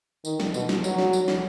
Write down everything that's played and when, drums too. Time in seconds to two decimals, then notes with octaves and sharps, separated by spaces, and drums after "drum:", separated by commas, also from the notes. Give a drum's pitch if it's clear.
0.25 D#3, drum: tambourine
0.40 drum: snare
0.54 B2, drum: tambourine
0.69 drum: snare
0.84 F#3, drum: tambourine
0.98 drum: snare
1.13 drum: tambourine
1.28 drum: snare